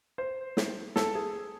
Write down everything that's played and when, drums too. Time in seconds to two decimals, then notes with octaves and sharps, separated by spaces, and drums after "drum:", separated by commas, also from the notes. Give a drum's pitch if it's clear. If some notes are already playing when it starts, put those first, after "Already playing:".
0.18 C5
0.57 drum: snare
0.96 A4, drum: snare
1.15 G#4